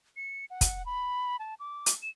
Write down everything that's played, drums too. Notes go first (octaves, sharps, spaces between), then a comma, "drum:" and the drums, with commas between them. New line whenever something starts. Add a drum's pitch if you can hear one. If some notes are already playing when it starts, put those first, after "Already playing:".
C#7
F#5
drum: kick, hi-hat
B5
A5
D6
drum: hi-hat
E7